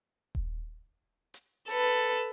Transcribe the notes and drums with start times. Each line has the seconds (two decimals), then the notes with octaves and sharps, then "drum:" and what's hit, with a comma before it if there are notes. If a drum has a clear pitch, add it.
0.35 drum: kick D#1
1.34 drum: hi-hat
1.69 A4 B4, drum: hi-hat